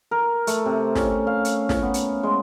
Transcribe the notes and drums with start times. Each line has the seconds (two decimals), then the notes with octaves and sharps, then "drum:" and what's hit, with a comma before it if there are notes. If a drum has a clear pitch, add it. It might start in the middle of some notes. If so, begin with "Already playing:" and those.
0.11 A#4
0.47 A3, drum: hi-hat
0.66 C3
0.95 C#4, drum: snare
1.27 F5
1.45 drum: hi-hat
1.69 drum: snare
1.82 B3
1.94 drum: hi-hat
2.23 G#3